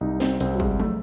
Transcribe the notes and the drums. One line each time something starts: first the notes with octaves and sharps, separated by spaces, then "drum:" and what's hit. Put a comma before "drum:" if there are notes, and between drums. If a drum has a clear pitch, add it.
C2 D#4
C4, drum: snare
C2 C4, drum: hi-hat
F#3
G#3, drum: kick G#1
A3, drum: tom F3